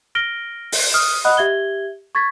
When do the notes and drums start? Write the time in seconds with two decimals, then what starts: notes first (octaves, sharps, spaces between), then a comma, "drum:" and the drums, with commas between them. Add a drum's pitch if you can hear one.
0.15 F6 A#6 D7 G7
0.72 drum: open hi-hat
0.94 D#6 F6
1.24 D#5 F#5 B5 D#6 F#6
1.37 G4 E5 G#6 G7
2.15 C#6 G#6 A6 B6